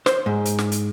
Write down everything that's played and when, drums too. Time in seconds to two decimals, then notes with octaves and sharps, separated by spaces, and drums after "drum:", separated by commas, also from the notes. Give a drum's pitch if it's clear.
0.06 C5, drum: snare
0.26 G#2
0.45 drum: hi-hat
0.59 drum: snare
0.72 drum: hi-hat